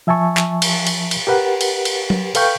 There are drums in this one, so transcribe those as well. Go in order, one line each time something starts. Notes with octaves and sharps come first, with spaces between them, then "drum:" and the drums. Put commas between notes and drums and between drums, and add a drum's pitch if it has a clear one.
F3 E5 G#5 A5 C#6
drum: clap
drum: cymbal
drum: cymbal
drum: cymbal
G4 A#4 B4 F#5
drum: cymbal
drum: cymbal
drum: tom F#3
A4 B4 F5 G5 C#6 G6, drum: cymbal